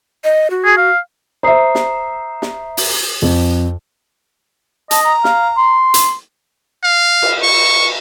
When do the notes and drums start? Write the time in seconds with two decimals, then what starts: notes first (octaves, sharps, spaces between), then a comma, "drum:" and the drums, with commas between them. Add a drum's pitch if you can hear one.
0.24 D#5
0.50 F#4
0.65 G#4
0.77 F5
1.43 C5 E5 A#5 D#6 C7
1.75 drum: snare
2.42 drum: snare
2.77 drum: open hi-hat
3.22 F2
4.91 D#5 A5, drum: hi-hat
5.05 A#5
5.24 F5, drum: snare
5.57 C6
5.94 drum: hi-hat
6.83 F5
7.22 drum: cymbal
7.43 C#6